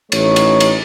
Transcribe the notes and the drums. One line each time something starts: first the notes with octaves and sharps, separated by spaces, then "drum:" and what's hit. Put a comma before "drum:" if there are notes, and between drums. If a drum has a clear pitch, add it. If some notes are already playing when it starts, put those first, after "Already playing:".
A1 A3 D#4 C#5, drum: cymbal
drum: cymbal
drum: cymbal